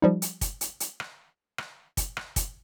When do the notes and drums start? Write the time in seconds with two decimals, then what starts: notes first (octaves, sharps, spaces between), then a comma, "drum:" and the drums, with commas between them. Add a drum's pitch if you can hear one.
0.02 F3 G3 D#4
0.22 drum: hi-hat
0.41 drum: kick, hi-hat
0.61 drum: hi-hat
0.80 drum: hi-hat
1.00 drum: rim click
1.58 drum: rim click
1.97 drum: kick, hi-hat
2.17 drum: rim click
2.36 drum: kick, hi-hat